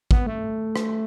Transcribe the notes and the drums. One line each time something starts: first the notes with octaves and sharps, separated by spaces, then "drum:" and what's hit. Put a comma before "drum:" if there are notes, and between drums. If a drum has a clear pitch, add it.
B3, drum: kick
A3
drum: rim click